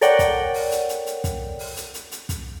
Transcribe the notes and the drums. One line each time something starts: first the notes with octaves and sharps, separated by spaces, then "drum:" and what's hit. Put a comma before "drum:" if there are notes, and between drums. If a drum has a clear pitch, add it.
A4 A#4 C#5 D5 F#5 G5, drum: hi-hat
drum: kick, hi-hat
drum: open hi-hat
drum: hi-hat
drum: hi-hat
drum: hi-hat
drum: kick, hi-hat
drum: open hi-hat
drum: hi-hat
drum: hi-hat
drum: hi-hat
drum: kick, hi-hat